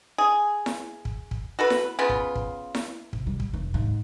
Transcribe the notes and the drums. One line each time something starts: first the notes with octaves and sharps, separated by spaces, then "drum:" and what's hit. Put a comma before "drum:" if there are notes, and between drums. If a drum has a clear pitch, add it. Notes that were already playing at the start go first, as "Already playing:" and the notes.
G#4
drum: snare E4
drum: kick
drum: kick
F#4 A4 B4
drum: snare E4
C#3 B3 F4
drum: kick
drum: kick
drum: snare E4
C3, drum: kick
G3
drum: kick
F1
G#2